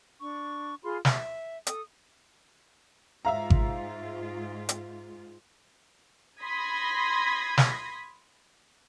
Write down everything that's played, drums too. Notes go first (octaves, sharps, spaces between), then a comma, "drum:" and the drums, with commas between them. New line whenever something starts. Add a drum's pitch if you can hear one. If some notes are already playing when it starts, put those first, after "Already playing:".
D4 C#6
F4 G#4 B5 C6
E5, drum: snare
A4 D#6, drum: hi-hat
G#2 F4 E5 F5 A#5
drum: kick G#1
drum: hi-hat
B5 C6 D#6 G#6 A#6 B6
drum: snare